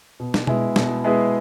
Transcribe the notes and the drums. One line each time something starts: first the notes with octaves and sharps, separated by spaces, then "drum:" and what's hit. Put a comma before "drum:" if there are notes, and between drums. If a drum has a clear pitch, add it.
B2
drum: snare
G#3 B3 E4 G#4, drum: tom B2
B2, drum: snare
G#3 B3 E4 G#4